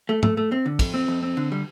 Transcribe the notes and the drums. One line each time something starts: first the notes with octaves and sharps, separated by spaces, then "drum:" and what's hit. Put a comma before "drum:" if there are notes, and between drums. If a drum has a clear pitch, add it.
A3
A3, drum: tom G#2
A3
C4
D3
F2, drum: kick, cymbal
C4
F2
C4
D3
G3